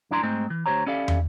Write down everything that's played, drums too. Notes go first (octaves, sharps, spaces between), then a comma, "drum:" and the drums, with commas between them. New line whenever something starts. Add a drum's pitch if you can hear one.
F#2 D4 E4 A#5 C6
G#2 G#3 A3 C4 D#4
E3
D2 F3 G4 C5 C#5 A#5
C#4 E4 G4 A4 D5 F5
drum: tom